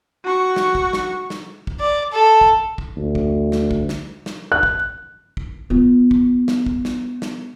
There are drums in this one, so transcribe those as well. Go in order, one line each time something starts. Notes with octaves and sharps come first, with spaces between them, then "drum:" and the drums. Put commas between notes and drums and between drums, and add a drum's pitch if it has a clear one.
F#4 C#6
drum: snare
drum: kick
drum: snare
drum: snare
drum: kick
D5
A4
drum: kick
drum: kick
D2
drum: kick
drum: snare
drum: kick
drum: snare
drum: snare
F#6
drum: kick
drum: kick
B3 F4
drum: kick
drum: snare
drum: kick
drum: snare
drum: snare